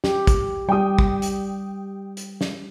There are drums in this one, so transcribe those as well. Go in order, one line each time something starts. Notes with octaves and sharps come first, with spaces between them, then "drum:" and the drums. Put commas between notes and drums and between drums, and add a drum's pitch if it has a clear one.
G4, drum: snare
drum: kick, hi-hat
G3 G4 G5 D#6
drum: kick
drum: hi-hat
drum: hi-hat
drum: snare